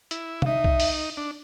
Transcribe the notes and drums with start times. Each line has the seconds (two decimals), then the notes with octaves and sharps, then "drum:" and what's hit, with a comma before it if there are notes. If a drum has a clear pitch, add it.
0.11 E4, drum: hi-hat
0.42 F5, drum: tom C3
0.46 D#4 E5
0.64 drum: kick
0.80 drum: open hi-hat
1.17 D4